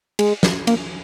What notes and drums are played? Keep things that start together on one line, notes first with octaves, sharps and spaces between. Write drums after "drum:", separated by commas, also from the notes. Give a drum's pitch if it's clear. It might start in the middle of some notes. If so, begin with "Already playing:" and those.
G#3, drum: cymbal
drum: snare
A#3, drum: cymbal